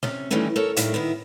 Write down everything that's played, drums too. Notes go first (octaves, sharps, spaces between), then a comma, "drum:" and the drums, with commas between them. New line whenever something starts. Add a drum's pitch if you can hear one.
C3 C#4, drum: snare
D#3 E3 F#3 G3 A3 C#4
A4 A#4 C#5
A2 D#3 G3 A3 A#3, drum: hi-hat
D#3 B3 E4